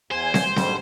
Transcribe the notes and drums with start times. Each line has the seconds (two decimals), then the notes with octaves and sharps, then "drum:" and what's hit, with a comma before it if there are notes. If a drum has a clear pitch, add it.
0.11 E2 C5 G#5
0.34 drum: snare
0.56 G#2 D3 G3, drum: snare